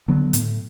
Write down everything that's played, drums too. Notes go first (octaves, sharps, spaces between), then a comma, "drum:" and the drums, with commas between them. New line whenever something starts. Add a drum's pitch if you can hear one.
D3 F#3 B3
A2, drum: hi-hat